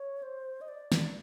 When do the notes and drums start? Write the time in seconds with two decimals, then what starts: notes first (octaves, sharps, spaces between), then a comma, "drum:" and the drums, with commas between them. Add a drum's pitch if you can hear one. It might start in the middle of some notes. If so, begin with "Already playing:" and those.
Already playing: C#5
0.23 C5
0.61 D#5
0.68 D5
0.92 drum: snare